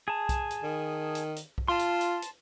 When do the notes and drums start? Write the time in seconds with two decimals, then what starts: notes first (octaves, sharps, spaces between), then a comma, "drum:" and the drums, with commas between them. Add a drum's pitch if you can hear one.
0.08 G#4 A5
0.29 drum: kick B1, hi-hat
0.51 drum: hi-hat
0.63 D#3
1.15 drum: hi-hat
1.36 drum: hi-hat
1.58 drum: kick B1
1.68 F4 A5 C6
1.79 drum: hi-hat
2.01 drum: hi-hat
2.22 drum: hi-hat